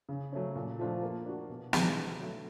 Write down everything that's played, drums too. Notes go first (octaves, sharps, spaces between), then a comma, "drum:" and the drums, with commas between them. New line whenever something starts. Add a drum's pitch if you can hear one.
C#3
F#3 A3 C#4
A#2
F3 A3 D4 F4
A#3
D4 F#4
B2
F#3 B3 D#4 G#4, drum: snare
D3
F#3 A3